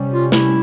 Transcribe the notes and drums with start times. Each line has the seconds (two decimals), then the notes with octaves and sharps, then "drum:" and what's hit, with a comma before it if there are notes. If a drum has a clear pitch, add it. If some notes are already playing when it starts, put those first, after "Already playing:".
Already playing: C3 G3 C#4
0.13 F4
0.32 E4, drum: snare